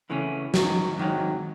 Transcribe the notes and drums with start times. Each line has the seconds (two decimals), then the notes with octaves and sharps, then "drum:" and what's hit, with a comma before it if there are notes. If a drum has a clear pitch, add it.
0.10 E2 C#3 E3 A3 C#4
0.54 G#2 D#3 F#3, drum: snare
0.97 G#2 D#3 F#3